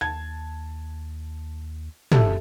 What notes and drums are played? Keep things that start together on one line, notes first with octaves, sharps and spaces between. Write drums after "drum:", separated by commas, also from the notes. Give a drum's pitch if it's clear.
D#2 A5 G#6
F1 G4 A4 E5, drum: tom